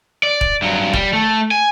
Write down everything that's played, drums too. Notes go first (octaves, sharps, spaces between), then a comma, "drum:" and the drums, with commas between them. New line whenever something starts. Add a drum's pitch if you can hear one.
D5
drum: kick D#1
G2 F#3
G3, drum: kick D#1
A3
G#5